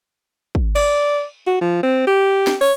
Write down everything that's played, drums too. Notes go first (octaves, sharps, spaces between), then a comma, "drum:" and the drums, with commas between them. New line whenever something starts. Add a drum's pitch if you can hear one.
drum: kick
D5, drum: cymbal
F#4
F3
C4
G4
drum: snare
C#5, drum: open hi-hat